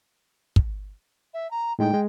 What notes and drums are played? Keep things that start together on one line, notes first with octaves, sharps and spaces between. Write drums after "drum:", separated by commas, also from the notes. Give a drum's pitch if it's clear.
drum: kick
E5
A#5
A2 G#3 D#4 G5
G#3